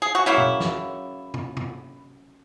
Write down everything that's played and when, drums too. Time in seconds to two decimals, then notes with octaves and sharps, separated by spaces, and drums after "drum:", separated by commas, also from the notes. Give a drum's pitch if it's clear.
0.02 G#4
0.15 F#4
0.26 C#3 F#3 A#3 E4
0.38 drum: tom B2
0.60 drum: snare
1.34 drum: tom
1.57 drum: tom